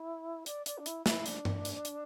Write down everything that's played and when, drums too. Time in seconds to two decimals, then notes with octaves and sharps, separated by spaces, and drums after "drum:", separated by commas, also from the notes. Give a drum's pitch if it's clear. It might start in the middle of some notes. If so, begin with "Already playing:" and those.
Already playing: E4
0.46 D5, drum: hi-hat
0.66 D5, drum: hi-hat
0.78 D4
0.86 E4, drum: hi-hat
1.06 E4, drum: snare
1.26 D4, drum: hi-hat
1.45 drum: tom G2
1.65 drum: hi-hat
1.85 drum: hi-hat